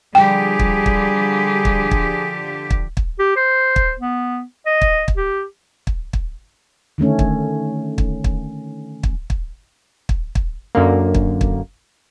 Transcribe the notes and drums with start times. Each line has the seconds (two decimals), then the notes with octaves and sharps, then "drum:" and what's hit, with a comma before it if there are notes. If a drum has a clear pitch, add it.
0.15 D3 F3 G3 G4 G#4 G5
0.59 drum: kick
0.86 drum: kick
1.65 drum: kick
1.91 drum: kick
2.70 drum: kick
2.97 drum: kick
3.19 G4
3.36 C5
3.76 drum: kick
3.99 B3
4.66 D#5
4.81 drum: kick
5.08 drum: kick
5.17 G4
5.87 drum: kick
6.13 drum: kick
6.98 D3 D#3 A3 C#4
7.19 drum: kick
7.98 drum: kick
8.24 drum: kick
9.03 drum: kick
9.30 drum: kick
10.09 drum: kick
10.35 drum: kick
10.75 F#2 D3 A#3
11.14 drum: kick
11.41 drum: kick